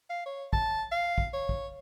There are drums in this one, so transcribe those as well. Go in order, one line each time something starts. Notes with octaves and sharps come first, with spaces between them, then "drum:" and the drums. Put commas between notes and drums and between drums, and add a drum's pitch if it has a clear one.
F5
C#5
A5, drum: kick
F5
drum: kick
C#5
drum: kick